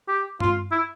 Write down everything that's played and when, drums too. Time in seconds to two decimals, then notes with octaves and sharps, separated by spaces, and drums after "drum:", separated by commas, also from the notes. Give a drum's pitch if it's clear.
0.08 G4
0.40 F4, drum: tom G2
0.72 E4